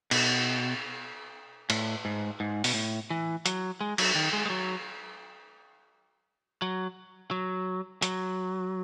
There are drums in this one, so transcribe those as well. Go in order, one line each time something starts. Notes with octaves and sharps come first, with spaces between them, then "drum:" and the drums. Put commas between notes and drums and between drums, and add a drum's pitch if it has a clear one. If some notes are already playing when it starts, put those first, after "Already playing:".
B2, drum: cymbal
A2, drum: cymbal
G#2
G#2
B2, drum: open hi-hat
A2
E3
F#3, drum: hi-hat
G#3
F#3, drum: cymbal
D#3
G#3
G#3
F#3
F#3
F#3
F#3, drum: hi-hat